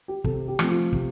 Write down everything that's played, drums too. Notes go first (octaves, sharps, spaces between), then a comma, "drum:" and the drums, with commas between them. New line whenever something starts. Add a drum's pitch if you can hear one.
G4
C3 A4, drum: kick
G4
F3 A3 C4, drum: rim click
F4
C3, drum: kick